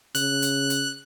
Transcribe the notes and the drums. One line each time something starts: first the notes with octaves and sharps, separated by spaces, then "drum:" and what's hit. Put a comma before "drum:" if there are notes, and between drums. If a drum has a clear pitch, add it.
C#3 F#6, drum: hi-hat
drum: hi-hat
drum: hi-hat